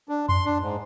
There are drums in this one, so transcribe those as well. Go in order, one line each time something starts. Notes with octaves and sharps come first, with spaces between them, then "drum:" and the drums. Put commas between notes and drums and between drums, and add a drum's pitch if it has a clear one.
D4
C6, drum: tom F2
D4
G#2